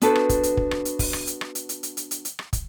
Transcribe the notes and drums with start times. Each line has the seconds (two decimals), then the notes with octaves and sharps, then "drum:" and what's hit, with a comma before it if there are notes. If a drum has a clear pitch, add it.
0.01 B3 D4 F#4 A4 B4 C5, drum: hi-hat
0.15 drum: rim click
0.29 drum: kick, hi-hat
0.43 drum: hi-hat
0.57 drum: kick
0.71 drum: rim click
0.85 drum: hi-hat
0.99 drum: kick, open hi-hat
1.13 drum: rim click
1.27 drum: hi-hat
1.41 drum: rim click
1.55 drum: hi-hat
1.69 drum: hi-hat
1.83 drum: hi-hat
1.97 drum: hi-hat
2.11 drum: hi-hat
2.25 drum: hi-hat
2.39 drum: rim click
2.53 drum: kick, hi-hat